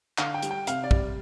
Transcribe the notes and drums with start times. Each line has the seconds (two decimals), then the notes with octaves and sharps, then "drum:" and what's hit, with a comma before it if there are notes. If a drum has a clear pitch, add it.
0.18 D3 F5, drum: clap
0.34 G5
0.42 G3, drum: hi-hat
0.51 G5
0.67 C3 F5, drum: hi-hat
0.84 D5
0.91 G3, drum: kick